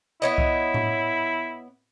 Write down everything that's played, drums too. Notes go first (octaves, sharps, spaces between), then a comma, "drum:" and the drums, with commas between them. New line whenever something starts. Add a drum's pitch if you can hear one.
B3 E4 C#5 D#5
drum: kick C2
drum: tom A2